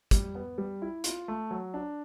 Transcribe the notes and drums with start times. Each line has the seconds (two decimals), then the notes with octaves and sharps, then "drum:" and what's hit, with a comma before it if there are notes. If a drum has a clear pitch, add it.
0.11 G3, drum: kick, hi-hat
0.35 B3
0.58 G3
0.82 E4
1.04 F4, drum: hi-hat
1.28 A3
1.51 F#3
1.74 D4